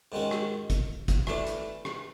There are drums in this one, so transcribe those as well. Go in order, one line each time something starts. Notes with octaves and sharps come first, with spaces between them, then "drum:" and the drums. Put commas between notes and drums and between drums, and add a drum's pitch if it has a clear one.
G#2 D#3 G#3 C#4 F#4
drum: rim click
drum: kick, hi-hat
drum: kick, hi-hat
E3 A3 D4, drum: rim click
drum: hi-hat
drum: rim click